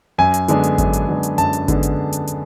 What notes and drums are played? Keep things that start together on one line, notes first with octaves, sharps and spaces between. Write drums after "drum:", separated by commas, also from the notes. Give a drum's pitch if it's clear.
F#2 G#5
drum: hi-hat
D3 G#3 B3 D4, drum: hi-hat
drum: hi-hat
F#2, drum: kick G#1, hi-hat
drum: hi-hat
D3 G#3 B3 D4
drum: hi-hat
F#2 A5, drum: hi-hat
drum: hi-hat
D3 G#3 B3 D4, drum: kick G#1, hi-hat
drum: hi-hat
drum: hi-hat
drum: hi-hat